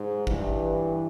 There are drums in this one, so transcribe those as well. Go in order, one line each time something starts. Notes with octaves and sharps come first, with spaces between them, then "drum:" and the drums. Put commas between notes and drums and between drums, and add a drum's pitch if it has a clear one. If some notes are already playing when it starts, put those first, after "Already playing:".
Already playing: G#2
G2 E3, drum: kick